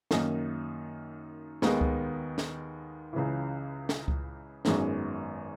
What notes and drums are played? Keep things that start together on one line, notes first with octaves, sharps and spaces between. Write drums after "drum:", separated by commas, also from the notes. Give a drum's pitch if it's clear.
F#2 D#3 A#3 D#4, drum: snare
D#2 D#3 G#3 B3 D#4, drum: snare
drum: kick C#2
drum: snare
C#2 C#3 E3
drum: snare
drum: kick C#2
G#1 F#2 D#3 G#3 B3, drum: snare